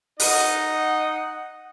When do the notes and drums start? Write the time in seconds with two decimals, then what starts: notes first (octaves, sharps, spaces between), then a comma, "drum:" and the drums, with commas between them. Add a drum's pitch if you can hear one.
0.20 D#4 D#5 F#5, drum: open hi-hat